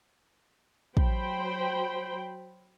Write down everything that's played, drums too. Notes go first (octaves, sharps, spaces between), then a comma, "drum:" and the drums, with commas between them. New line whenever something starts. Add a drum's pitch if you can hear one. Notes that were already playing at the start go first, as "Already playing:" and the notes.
F#3 C5 G5 B5, drum: kick